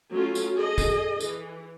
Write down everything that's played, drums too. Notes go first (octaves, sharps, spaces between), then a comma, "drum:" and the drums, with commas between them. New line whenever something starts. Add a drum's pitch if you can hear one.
F#3 A3 C#4 F4
drum: tambourine
G#4 A4 D#5
drum: kick, tambourine
E3, drum: tambourine